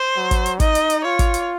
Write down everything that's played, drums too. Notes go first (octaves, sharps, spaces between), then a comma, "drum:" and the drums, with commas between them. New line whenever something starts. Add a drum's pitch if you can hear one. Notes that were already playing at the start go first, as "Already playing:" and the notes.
Already playing: C5
F#3
drum: kick, hi-hat
drum: hi-hat
D#4 D#5, drum: kick, hi-hat
drum: hi-hat
drum: hi-hat
F4 C#5
drum: kick, hi-hat
drum: hi-hat